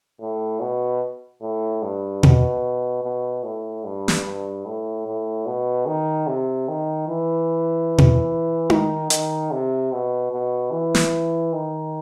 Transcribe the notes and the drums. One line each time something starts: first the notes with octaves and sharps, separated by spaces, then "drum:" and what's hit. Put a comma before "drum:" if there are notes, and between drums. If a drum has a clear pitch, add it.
A2
B2
A2
G2
B2, drum: tom B2
B2
A2
G2
drum: snare
G2
A2
A2
B2
D#3
C3
D#3
E3
drum: tom B2
D#3, drum: tom D#4
D#3, drum: hi-hat
C3
B2
B2
E3
drum: snare
D#3